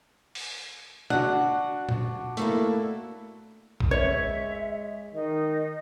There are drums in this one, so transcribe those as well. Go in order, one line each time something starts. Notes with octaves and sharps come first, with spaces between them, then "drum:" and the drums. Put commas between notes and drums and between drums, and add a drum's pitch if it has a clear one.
drum: open hi-hat
D4 F#4 F#5, drum: snare
drum: tom A#2
A3 A#3 E4, drum: hi-hat
drum: kick A1
G#3 C#5 E5
D#3 D#4 D#5